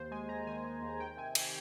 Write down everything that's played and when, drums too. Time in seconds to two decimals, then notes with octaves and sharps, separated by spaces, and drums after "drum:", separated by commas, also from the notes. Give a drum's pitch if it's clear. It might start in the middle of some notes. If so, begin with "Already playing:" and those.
Already playing: D#2 C5
0.11 G#3 G#5
0.29 D#2 A#5
0.47 D#3 G#5
0.64 G#3
0.82 D#2
1.00 D#3 G5
1.17 C3 G#5
1.35 C3 G#5, drum: cymbal